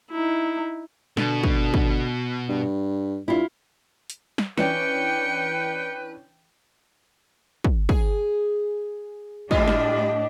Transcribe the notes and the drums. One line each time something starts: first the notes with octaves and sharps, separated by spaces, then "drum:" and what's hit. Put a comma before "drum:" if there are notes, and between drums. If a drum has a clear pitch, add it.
D#4 E4
B2 D3, drum: snare
drum: kick
drum: kick
G2
G2 E4 F4
drum: hi-hat
drum: snare
E3 C#4 D4 B4 G5 C#7, drum: snare
drum: kick
G#4, drum: kick
A2 G3 D4 E4 F4 G4 D#5, drum: kick
drum: snare